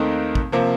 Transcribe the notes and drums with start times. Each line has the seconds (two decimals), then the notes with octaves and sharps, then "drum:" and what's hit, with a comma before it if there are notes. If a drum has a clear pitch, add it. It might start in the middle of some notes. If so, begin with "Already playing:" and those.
Already playing: D#2 D#3 A3 C4 D#4
0.35 drum: kick
0.52 C3 F3 A#3